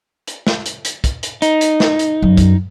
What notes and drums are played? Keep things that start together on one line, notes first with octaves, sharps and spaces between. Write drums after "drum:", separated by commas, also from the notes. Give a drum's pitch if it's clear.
drum: hi-hat
drum: snare
drum: hi-hat
drum: hi-hat
drum: kick, hi-hat
drum: hi-hat
D#4, drum: hi-hat
drum: hi-hat
drum: snare
drum: hi-hat
F#2
drum: kick, hi-hat